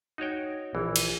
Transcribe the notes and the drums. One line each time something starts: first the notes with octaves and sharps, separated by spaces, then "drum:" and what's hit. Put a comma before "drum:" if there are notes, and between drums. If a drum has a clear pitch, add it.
D#4 F#4 C#5 G5
A#1 E3
drum: cymbal